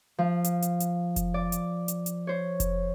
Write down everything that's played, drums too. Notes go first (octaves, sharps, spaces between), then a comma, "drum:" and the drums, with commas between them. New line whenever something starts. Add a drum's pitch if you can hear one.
F3
drum: hi-hat
drum: hi-hat
drum: hi-hat
drum: kick F1, hi-hat
D5
drum: hi-hat
drum: hi-hat
drum: hi-hat
C5 C#5
drum: kick F1, hi-hat